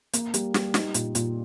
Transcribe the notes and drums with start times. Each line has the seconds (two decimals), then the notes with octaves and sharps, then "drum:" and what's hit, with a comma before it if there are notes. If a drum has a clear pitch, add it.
0.14 A#3, drum: hi-hat
0.34 G3, drum: hi-hat
0.54 G3, drum: snare
0.74 D#4, drum: snare
0.94 A#2, drum: hi-hat
1.15 A#2, drum: hi-hat